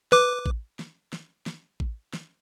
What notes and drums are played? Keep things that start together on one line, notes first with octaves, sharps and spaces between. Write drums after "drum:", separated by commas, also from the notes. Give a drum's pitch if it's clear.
B4 D6, drum: snare
drum: kick A1
drum: snare
drum: snare
drum: snare
drum: kick A1
drum: snare